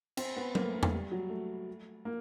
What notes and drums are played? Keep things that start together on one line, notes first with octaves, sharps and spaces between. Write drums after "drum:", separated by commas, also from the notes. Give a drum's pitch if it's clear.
C4, drum: cymbal
B3
A#3, drum: tom F#3
A3
A#3
A3, drum: tom E2
G3
F#3
A3
A#3